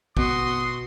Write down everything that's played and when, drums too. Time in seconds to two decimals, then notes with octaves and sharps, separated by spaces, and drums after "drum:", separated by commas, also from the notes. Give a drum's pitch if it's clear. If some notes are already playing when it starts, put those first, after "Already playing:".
0.17 B2 F#4 C6 D#6, drum: kick